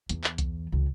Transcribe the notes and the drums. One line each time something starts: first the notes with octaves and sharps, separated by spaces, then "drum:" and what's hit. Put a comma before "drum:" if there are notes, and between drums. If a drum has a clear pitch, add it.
E2, drum: hi-hat
drum: clap
drum: kick C2, hi-hat
C#2